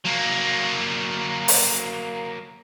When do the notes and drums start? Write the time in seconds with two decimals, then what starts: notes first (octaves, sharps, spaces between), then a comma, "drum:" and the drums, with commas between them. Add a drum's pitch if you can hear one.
0.05 F#3 A#3
1.48 drum: open hi-hat